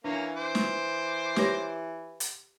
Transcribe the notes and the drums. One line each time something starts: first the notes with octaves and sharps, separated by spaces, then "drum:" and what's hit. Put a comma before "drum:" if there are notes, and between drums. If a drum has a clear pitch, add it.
E3 A#3 C#4 D4
C5 D6
drum: snare
G4 B4 C#5, drum: snare
drum: hi-hat